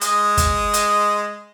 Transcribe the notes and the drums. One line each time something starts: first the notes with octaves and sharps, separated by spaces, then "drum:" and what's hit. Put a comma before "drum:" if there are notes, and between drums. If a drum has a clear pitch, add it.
G#3 D#5, drum: hi-hat
drum: kick, hi-hat
drum: hi-hat